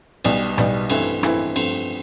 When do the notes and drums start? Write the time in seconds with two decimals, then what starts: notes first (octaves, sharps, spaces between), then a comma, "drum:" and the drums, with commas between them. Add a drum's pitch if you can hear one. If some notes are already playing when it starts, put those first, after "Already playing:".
0.24 B1 B2 G3 B3, drum: cymbal
0.58 B1 B2 G3 B3, drum: rim click
0.90 G2 E3 A3 C4 E4, drum: cymbal
1.23 G2 E3 A3 C4 E4, drum: rim click
1.56 G2 F3 A3 C4, drum: cymbal